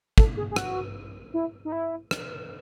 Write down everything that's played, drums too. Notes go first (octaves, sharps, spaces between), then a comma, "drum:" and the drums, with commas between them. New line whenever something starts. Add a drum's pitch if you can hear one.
A4, drum: kick
G#4
G#4
F#4, drum: rim click
E4
D#4
E4
drum: rim click